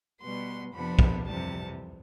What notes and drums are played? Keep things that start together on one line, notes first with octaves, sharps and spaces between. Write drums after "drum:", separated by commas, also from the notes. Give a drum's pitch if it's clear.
B2 G3 B3 C6
F2 C3 F3 B3 D4 B5
drum: kick
F2 C3 E3 G3 A5